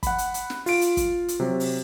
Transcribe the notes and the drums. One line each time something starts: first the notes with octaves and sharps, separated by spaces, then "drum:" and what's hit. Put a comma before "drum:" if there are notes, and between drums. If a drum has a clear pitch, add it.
F#5 B5, drum: kick, hi-hat
drum: hi-hat
drum: hi-hat
drum: snare
F4 D7, drum: open hi-hat
drum: hi-hat
drum: kick, hi-hat
drum: hi-hat
C3 F#3
drum: open hi-hat